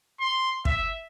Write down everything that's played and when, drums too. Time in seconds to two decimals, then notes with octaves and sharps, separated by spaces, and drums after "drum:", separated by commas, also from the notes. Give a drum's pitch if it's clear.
0.20 C6
0.65 E5, drum: kick